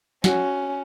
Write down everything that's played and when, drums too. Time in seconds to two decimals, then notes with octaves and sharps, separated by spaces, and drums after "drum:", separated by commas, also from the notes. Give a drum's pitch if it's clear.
0.24 C#4 F#4, drum: snare